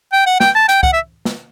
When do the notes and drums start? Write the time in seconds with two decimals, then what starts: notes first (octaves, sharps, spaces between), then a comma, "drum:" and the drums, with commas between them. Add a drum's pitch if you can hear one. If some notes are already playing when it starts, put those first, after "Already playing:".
0.13 G5
0.26 F#5
0.40 G5, drum: snare
0.55 A5
0.69 G5, drum: hi-hat
0.83 F#5, drum: kick
0.93 E5
1.25 drum: snare